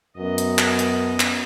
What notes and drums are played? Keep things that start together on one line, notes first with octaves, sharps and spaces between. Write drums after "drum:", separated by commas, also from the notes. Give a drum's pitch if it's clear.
F#2 B3 D#5
drum: hi-hat
drum: clap
drum: hi-hat
drum: clap